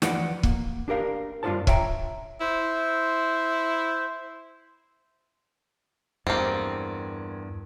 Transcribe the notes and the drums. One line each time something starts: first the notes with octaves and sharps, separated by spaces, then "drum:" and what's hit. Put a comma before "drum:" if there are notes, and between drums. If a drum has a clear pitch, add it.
E3 F3 B4 D5 F#5, drum: snare
A#3, drum: kick
D4 G4 A#4 F5
G2 D4 F4 G#4 C5 A5
C#5 E5 G5 A#5, drum: kick
E4 C5
E2 G2 A#3 C4